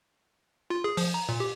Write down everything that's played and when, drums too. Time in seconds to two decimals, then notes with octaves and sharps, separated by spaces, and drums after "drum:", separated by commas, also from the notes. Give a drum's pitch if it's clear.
0.70 F4
0.84 G#4
0.97 F3, drum: open hi-hat
1.14 A#5
1.29 A#2
1.40 G4